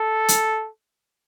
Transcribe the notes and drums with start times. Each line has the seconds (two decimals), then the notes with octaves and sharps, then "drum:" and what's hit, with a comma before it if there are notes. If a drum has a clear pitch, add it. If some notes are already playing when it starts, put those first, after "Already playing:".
Already playing: A4
0.28 drum: hi-hat